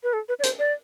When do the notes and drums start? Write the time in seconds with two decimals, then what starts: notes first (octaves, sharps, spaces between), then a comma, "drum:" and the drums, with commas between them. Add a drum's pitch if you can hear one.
0.03 B4
0.13 A4
0.28 B4
0.39 D5
0.43 C5, drum: hi-hat
0.59 D5